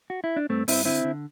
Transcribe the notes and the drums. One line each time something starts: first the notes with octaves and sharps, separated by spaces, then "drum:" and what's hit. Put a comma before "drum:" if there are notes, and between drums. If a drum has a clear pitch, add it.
F#4
E4
D4
G2 A3 C4
G2 C4 E4, drum: open hi-hat
D3 C4 E4
D3